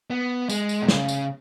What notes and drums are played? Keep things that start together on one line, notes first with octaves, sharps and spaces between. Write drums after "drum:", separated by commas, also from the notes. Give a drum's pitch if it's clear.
B3
G#3, drum: tambourine
drum: tambourine
B2
C#3, drum: snare
drum: tambourine